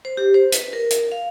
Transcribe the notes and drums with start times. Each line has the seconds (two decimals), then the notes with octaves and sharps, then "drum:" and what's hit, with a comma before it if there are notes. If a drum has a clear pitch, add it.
0.05 C5
0.17 G4
0.34 C5
0.52 B4, drum: hi-hat
0.73 A#4
0.91 drum: hi-hat
1.12 F5